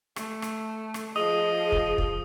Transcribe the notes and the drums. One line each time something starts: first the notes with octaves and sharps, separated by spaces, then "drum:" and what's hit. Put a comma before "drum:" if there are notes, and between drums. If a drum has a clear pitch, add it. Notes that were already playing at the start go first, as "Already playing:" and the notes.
A3, drum: rim click
drum: rim click
drum: rim click
F3 G#4 D#5 D#6
drum: kick
drum: kick